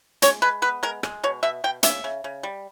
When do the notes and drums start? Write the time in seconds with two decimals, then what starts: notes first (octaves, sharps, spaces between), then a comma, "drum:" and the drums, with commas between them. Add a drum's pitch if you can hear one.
0.22 G#3 C#5, drum: hi-hat
0.42 G#3 B4
0.62 B3 B4
0.83 G#3 A#4
1.03 G#3, drum: rim click
1.23 B2 C#5
1.43 B2 E5
1.64 B2 G5
1.83 C#3 E5, drum: hi-hat
2.04 C#3
2.24 C#3
2.43 G3